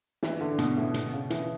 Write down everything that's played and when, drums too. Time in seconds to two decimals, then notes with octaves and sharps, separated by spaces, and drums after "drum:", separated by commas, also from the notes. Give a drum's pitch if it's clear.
0.23 E3, drum: snare
0.41 D3
0.58 B2, drum: hi-hat
0.77 A2
0.94 B2, drum: hi-hat
1.12 C#3
1.30 E3, drum: hi-hat